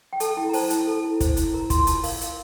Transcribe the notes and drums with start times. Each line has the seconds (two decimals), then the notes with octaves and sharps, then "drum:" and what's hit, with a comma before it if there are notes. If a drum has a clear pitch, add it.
0.13 G5
0.20 A4 A5, drum: hi-hat
0.37 E4 G5
0.50 A#5
0.53 C5 A5, drum: open hi-hat
0.70 E4 A5, drum: hi-hat
0.87 A4 A5
1.04 E4
1.20 C5, drum: kick, hi-hat
1.37 E4, drum: hi-hat
1.54 A#4 A#5
1.70 F4 C6, drum: kick, hi-hat
1.87 F4 A5, drum: hi-hat
2.03 A#4 F5, drum: open hi-hat
2.21 A#4, drum: hi-hat